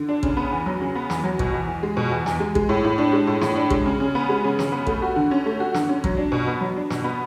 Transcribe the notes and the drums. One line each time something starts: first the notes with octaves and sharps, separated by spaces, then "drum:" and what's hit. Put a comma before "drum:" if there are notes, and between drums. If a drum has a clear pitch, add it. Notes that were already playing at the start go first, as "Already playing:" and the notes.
Already playing: D3
D4
C#3, drum: kick A1
B3
E2
F#3
C#3
B3
E2, drum: snare
F#3
B2, drum: kick A1
E2
E2
G#3
B2
E2
E2, drum: snare
G#3
G#3, drum: kick A1
A2
A2
D4
G#3
A2
A2, drum: snare
D4
G#3, drum: kick A1
C#3
C#3
B3
G#3
C#3
C#3, drum: snare
B3
A3, drum: kick A1
F#4
D3
C#4
A3
F#4
D3, drum: snare
C#4
F#3, drum: kick A1
D4
B2
B3
F#3
D4
B2, drum: snare
B3